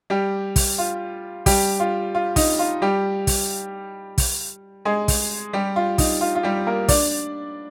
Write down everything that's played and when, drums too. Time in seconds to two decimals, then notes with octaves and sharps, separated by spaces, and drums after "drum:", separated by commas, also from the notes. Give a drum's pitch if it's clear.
0.10 G3 G4
0.56 drum: kick, open hi-hat
0.78 F4
1.46 G3 G4, drum: kick, open hi-hat
1.80 F4
2.15 F4
2.36 D#4, drum: kick, open hi-hat
2.59 F4
2.82 G3 G4
3.27 drum: kick, open hi-hat
4.18 drum: kick, open hi-hat
4.85 G#3 G#4
5.08 drum: kick, open hi-hat
5.53 G3 G4
5.76 F4
5.98 D#4, drum: kick, open hi-hat
6.21 F4
6.35 F4
6.43 G3 G4
6.67 A#3 A#4
6.88 D4 D5, drum: kick, open hi-hat